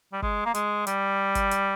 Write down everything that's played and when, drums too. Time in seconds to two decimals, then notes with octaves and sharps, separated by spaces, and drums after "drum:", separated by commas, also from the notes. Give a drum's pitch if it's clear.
0.13 G3
0.22 G#3, drum: kick
0.46 A#3
0.55 G#3, drum: hi-hat
0.87 G3, drum: hi-hat
1.35 drum: kick, hi-hat
1.51 drum: hi-hat